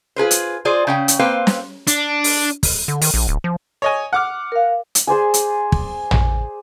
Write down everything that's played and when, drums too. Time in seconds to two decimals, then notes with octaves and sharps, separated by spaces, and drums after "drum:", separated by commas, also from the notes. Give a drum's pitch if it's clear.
0.16 F4 G#4 B4 C5
0.31 drum: hi-hat
0.65 F4 G#4 C5 D5
0.87 C#3 C#4 G5
1.08 drum: hi-hat
1.19 A#3 C4 B4 C5 F5
1.47 drum: snare
1.87 D4, drum: hi-hat
2.24 drum: open hi-hat
2.63 drum: kick, open hi-hat
2.88 D3
3.01 D#3, drum: open hi-hat
3.14 A#1
3.28 D1
3.44 F3
3.82 C#5 D#5 G#5
4.13 F#5 D6 F6
4.52 A#4 F5
4.95 drum: hi-hat
5.07 G#4 C5 D5 G#5
5.34 drum: hi-hat
5.72 drum: kick
6.11 drum: tom